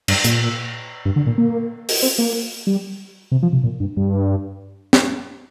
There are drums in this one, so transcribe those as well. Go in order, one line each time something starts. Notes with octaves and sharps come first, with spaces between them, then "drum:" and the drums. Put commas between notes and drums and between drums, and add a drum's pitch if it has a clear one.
G2, drum: cymbal
A#2, drum: hi-hat
G2
D3
A#2
A#3
drum: open hi-hat
C4
A#3
G3
C3
F3
C3
A#2
G2
G2
drum: snare